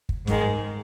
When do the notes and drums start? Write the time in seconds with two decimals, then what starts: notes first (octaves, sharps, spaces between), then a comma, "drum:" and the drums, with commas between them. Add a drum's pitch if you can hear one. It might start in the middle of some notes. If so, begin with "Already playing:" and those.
0.09 drum: kick
0.27 G#2 D#3 G#3, drum: snare